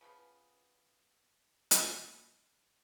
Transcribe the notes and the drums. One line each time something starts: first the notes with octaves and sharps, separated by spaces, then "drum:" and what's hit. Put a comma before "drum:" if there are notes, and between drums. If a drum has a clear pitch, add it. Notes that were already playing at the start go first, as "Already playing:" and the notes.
C#3 F3 B3 G#4
drum: hi-hat